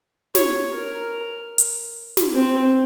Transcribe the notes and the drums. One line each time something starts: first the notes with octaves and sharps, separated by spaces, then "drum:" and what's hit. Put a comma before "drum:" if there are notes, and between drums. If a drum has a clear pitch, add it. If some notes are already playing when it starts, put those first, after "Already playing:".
C#5, drum: snare
A#4
drum: hi-hat
drum: snare
C4